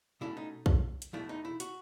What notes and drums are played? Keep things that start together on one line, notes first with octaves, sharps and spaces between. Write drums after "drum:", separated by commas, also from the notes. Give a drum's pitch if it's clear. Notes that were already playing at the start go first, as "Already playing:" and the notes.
B2 A3 C#4 E4
D#4
drum: kick
drum: hi-hat
E2 B2 A3 E4
D#4
E4
F#4, drum: hi-hat